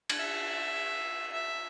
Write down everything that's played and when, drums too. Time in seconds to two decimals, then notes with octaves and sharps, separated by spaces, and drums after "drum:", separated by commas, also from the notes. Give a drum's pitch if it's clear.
0.10 drum: cymbal
0.19 E5
1.32 E5